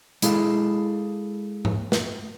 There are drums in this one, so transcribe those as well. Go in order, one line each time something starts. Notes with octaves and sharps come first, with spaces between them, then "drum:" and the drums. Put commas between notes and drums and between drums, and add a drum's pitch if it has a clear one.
G#3 E4 G#4 A4 F5, drum: hi-hat
drum: tom G#2
drum: snare